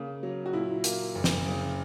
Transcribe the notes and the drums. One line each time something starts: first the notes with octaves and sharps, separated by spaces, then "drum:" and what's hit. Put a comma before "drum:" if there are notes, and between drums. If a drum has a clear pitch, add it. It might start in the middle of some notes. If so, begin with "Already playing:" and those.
Already playing: C#3 A#3
F#3
F#4
A#2 E4
A#3, drum: hi-hat
F#1
drum: snare
C#3